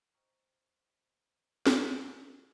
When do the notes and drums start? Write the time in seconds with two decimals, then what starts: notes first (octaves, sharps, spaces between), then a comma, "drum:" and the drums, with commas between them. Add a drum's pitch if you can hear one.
0.13 C5 D#5 G5 A#5 C#6 F6
1.67 drum: snare